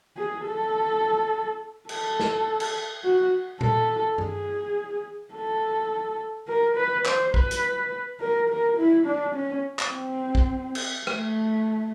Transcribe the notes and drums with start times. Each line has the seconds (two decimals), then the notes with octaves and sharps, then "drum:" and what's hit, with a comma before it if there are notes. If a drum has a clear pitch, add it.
0.17 G#4
0.45 A4
1.89 A4, drum: cymbal
2.20 drum: snare
2.60 drum: cymbal
3.04 F#4
3.61 A4, drum: tom A#2
4.18 G#4, drum: tom G2
5.34 A4
6.48 A#4
6.77 B4
7.06 C5, drum: clap
7.34 B4, drum: kick
7.51 drum: hi-hat
8.20 A#4
8.49 A#4
8.77 E4
9.06 D4
9.35 C#4
9.79 drum: clap
9.92 C4
10.35 drum: kick
10.75 drum: cymbal
11.07 A3, drum: rim click